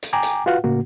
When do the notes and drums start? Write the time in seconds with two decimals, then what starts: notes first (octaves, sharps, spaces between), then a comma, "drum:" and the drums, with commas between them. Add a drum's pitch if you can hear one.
0.03 drum: hi-hat
0.13 G5 G#5 A#5 D6
0.23 drum: hi-hat
0.46 F4 F#4 B4 F5 F#5
0.64 A2 C#3 A#3 F#4